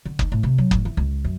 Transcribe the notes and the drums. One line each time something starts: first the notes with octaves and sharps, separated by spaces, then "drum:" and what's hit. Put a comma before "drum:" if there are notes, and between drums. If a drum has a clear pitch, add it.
D3
D#4, drum: kick F#1
A2
C3
F#3
A1, drum: kick F#1
E3
C#2
F#2